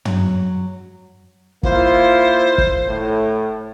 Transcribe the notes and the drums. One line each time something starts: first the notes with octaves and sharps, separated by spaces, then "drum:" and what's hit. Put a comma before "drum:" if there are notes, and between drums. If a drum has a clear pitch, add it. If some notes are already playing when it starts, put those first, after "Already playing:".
F#3, drum: tom
A#3 E4 F4 C5, drum: kick
drum: kick
A2